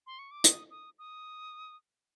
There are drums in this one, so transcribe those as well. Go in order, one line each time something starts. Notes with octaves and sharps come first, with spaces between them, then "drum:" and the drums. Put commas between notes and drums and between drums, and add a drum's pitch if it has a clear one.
C6
C#6
D6
D#6, drum: hi-hat
D#6
D#6